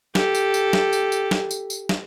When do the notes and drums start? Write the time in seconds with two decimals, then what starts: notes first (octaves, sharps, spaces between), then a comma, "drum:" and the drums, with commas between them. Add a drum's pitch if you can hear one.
0.15 G4 A4, drum: snare
0.35 drum: tambourine
0.54 drum: tambourine
0.73 drum: snare
0.93 drum: tambourine
1.12 drum: tambourine
1.31 drum: snare
1.51 drum: tambourine
1.70 drum: tambourine
1.89 drum: snare